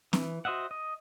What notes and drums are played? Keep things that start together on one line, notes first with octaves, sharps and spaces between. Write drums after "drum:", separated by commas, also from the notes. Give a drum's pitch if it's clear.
E3, drum: snare C4
F#4 C5 D#5 E5 F#5
D#5